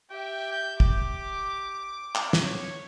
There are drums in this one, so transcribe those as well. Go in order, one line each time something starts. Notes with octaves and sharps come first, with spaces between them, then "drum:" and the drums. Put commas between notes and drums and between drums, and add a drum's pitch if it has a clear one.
G4 E5 G5
G6
G4 D6, drum: kick
drum: clap
C#5, drum: snare